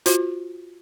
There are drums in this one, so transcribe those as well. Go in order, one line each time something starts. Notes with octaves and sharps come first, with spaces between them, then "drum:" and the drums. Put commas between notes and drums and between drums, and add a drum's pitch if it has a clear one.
F4 F#4 C5, drum: hi-hat